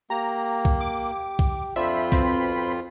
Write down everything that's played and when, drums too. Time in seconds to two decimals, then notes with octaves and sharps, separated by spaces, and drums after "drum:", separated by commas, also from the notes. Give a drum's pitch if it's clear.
0.10 A#3 G4 A#5
0.65 drum: kick B1
0.81 D6
1.39 drum: kick B1
1.76 F2 D4 F4 C5 E5 B5
2.12 B2 C4, drum: kick B1